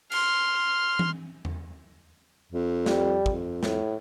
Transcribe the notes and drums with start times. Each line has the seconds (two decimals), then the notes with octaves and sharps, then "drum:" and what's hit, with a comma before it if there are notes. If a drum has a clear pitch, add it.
0.12 C6 F6, drum: cymbal
0.99 drum: tom E3
1.45 drum: tom E2
2.52 F2
2.86 G3, drum: snare
3.26 F2, drum: kick
3.63 A2, drum: snare